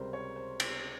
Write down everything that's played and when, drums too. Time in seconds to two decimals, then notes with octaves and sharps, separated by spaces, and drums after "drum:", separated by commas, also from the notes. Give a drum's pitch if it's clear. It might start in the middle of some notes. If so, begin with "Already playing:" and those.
Already playing: C#2 C3 G3 A#4 C5
0.13 C#5
0.36 C5
0.60 drum: cymbal